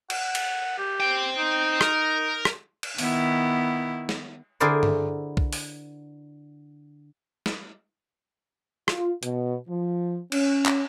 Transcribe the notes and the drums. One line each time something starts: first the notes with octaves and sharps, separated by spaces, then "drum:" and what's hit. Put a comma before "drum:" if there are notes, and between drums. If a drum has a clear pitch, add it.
F#5, drum: cymbal
drum: cymbal
G4
C5 G5
D#4
A#4, drum: rim click
drum: rim click
drum: cymbal
D#3 B3 E4, drum: open hi-hat
drum: snare
D3 E4 G#4 A#4 C5 D5
drum: tom G2
drum: kick B1
drum: open hi-hat
drum: snare
F4, drum: rim click
B2, drum: hi-hat
F3
C#4, drum: cymbal
drum: clap